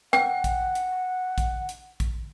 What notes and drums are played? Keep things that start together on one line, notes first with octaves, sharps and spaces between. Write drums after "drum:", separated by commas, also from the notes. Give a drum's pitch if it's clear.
F#5 G5, drum: hi-hat
drum: kick A#1, hi-hat
drum: hi-hat
drum: kick A#1, hi-hat
drum: hi-hat
drum: kick A#1, hi-hat